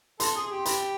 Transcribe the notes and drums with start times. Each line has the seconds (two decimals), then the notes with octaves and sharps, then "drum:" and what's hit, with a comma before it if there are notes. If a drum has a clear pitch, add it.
0.20 A4 C6, drum: hi-hat
0.35 G#4
0.46 G#4
0.51 G4
0.65 G4 B5, drum: hi-hat